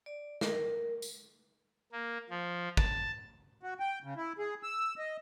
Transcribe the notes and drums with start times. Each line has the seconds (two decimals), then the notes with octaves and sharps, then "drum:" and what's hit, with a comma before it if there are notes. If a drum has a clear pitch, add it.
0.06 D5
0.41 A#4, drum: snare
1.02 drum: tambourine
1.92 A#3
2.30 F3
2.77 A5, drum: kick
3.63 F#4
3.80 G5
4.03 C#3
4.16 E4
4.38 G#4
4.63 E6
4.98 D#5